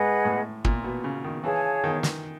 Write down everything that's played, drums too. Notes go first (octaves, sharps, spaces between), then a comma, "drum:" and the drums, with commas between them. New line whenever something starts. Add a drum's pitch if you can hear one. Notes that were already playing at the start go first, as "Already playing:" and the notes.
Already playing: G#2 G#4 B4 D#5 F#5
A2
A#2, drum: kick
B2
C#3
D#3
E3 G#4 C#5 F5 A5
D#3
drum: snare